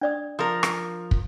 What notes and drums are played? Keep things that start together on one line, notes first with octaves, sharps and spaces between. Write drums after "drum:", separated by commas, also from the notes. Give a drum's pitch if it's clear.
D4 D5 D#6
F3 A#4
drum: rim click
drum: kick